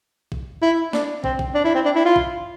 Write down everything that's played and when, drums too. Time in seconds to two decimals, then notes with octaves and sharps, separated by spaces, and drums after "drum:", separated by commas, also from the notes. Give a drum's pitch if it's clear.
0.32 drum: kick
0.62 E4
0.93 D4, drum: snare
1.24 C4, drum: kick
1.39 drum: kick
1.55 D4
1.65 E4
1.75 C4
1.85 D4
1.96 E4
2.05 F4
2.16 drum: kick